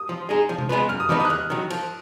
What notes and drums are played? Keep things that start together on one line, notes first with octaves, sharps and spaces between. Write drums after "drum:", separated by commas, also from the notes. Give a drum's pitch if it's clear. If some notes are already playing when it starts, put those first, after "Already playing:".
Already playing: D#6
F3
G#3 D#4 G#4
F3
drum: tom C3
G#3 B3 F4 B4
F#2 F6
D#6
F3 B3 D#4 D6, drum: tom D#3
D#6
F#6
D#2 F6
D#3 F#3
F3, drum: cymbal